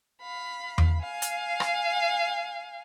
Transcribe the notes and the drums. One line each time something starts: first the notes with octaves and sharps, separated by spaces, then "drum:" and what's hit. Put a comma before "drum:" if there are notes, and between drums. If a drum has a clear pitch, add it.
F5 B5
drum: tom E2
F5 G#5
drum: hi-hat
drum: rim click